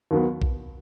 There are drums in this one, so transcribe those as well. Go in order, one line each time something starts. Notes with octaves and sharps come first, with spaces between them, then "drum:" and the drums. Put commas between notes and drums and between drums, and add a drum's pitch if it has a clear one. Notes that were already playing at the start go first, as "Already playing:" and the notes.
D#2 D#3 F#3 B3
drum: kick A#1